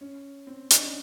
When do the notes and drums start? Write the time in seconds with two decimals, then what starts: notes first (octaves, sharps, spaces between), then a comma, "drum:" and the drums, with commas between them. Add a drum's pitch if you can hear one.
0.01 C#4
0.47 C4
0.70 D#4, drum: hi-hat
0.77 D4
0.86 C#4